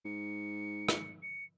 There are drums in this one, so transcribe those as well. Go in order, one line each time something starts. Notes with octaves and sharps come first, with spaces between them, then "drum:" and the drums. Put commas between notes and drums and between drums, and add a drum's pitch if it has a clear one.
G#2 C#7
drum: rim click
C#7